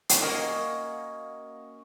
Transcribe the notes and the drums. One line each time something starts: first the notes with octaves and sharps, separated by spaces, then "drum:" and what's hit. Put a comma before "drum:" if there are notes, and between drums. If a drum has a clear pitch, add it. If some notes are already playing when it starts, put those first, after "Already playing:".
drum: hi-hat
A#3 C#4 F#4 D#5